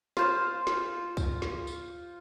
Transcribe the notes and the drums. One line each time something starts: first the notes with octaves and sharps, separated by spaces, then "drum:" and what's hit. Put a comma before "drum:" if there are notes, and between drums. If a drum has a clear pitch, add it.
F4 C5 F5, drum: snare
drum: snare
drum: kick C2, tambourine
drum: snare
drum: tambourine